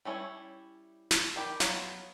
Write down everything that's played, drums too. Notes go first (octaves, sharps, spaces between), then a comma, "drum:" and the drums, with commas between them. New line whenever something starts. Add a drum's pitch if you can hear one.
G3 C#4 E4 A4 C#5
drum: snare
D#3 G4 B5
F#3 B3 F4, drum: snare